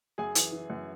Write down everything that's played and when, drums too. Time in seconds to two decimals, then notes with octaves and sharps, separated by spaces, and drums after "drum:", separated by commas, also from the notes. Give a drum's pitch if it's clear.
0.18 F#2 G#4 G#5
0.35 E3, drum: hi-hat
0.52 E3
0.70 F#2